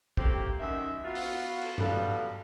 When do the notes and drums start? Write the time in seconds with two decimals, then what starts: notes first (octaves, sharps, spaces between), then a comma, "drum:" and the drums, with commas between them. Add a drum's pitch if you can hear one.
0.17 A3 A#3 C4 G4, drum: kick
0.59 F#2 D#3 E5
1.03 B3 F4 F#4
1.15 drum: open hi-hat
1.61 drum: cymbal
1.78 G2 B2 G3 B3 A4 F5, drum: tom G2